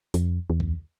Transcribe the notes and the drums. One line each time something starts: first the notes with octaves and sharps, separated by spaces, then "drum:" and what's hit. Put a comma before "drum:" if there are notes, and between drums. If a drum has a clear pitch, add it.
F2, drum: hi-hat
E2
drum: kick C#2